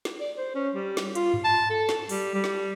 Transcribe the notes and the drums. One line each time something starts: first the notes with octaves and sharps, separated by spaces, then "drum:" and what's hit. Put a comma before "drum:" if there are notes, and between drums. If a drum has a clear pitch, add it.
drum: snare
D5
C5
C#4
G3
drum: snare
F4, drum: hi-hat
drum: tom G2
A5
A4
drum: snare
G3, drum: open hi-hat
G3
drum: snare